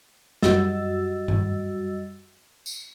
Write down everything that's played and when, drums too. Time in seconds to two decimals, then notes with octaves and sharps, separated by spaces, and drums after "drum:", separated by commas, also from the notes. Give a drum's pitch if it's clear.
0.42 F#2 G3 F#4 D#5 E6 A6, drum: snare
1.28 drum: tom G2
2.66 drum: tambourine